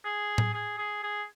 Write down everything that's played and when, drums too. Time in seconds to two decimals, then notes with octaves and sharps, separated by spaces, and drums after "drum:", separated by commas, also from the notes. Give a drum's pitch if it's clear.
0.05 G#4
0.38 drum: tom A2
0.54 G#4
0.78 G#4
1.03 G#4